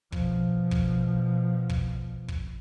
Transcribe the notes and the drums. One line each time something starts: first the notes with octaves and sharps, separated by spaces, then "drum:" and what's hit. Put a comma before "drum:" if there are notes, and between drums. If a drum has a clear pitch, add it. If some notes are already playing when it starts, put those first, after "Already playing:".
B2 F3, drum: kick
drum: kick
drum: kick
drum: kick